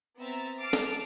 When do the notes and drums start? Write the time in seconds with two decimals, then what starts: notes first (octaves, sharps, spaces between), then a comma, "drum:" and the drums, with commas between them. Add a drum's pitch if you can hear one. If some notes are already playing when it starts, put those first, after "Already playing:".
0.19 B3 C4 E5 A#5 A6
0.60 A5 D6 F6 A6 C7 D7
0.73 drum: snare